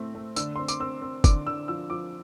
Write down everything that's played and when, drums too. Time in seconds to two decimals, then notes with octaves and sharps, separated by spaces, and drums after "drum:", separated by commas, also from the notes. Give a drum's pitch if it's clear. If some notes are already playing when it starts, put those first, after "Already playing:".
Already playing: A2 A3 C4
0.15 A3
0.36 D3 E6, drum: tambourine
0.56 C4 C6
0.68 D6, drum: tambourine
0.80 C4 E6
1.02 C4
1.24 D3 D6, drum: kick, tambourine
1.47 D3 E6
1.68 F3 E6
1.90 F3 D6